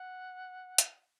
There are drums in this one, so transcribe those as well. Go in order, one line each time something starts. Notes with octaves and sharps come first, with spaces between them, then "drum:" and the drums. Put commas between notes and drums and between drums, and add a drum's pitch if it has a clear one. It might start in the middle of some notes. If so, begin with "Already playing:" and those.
Already playing: F#5
drum: hi-hat